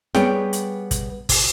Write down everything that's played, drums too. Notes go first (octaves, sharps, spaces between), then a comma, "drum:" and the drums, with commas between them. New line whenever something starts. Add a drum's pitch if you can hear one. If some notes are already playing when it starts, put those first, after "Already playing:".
G3 B3 G#4 C#5 G5, drum: snare
drum: hi-hat
drum: kick, hi-hat
drum: kick, open hi-hat